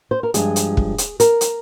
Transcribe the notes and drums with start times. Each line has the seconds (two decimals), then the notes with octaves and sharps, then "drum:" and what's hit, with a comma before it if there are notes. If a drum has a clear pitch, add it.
0.11 C5
0.23 A#4
0.34 G2 F3 G#3 G#4, drum: hi-hat
0.56 drum: hi-hat
0.77 drum: kick
0.98 drum: hi-hat
1.20 A#4, drum: hi-hat
1.41 drum: hi-hat